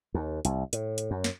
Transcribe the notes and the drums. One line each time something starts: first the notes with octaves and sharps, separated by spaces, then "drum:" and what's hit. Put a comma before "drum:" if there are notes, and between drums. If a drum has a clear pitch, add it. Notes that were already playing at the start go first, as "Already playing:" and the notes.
D#2
C2, drum: hi-hat
A2, drum: hi-hat
drum: hi-hat
F#2
drum: snare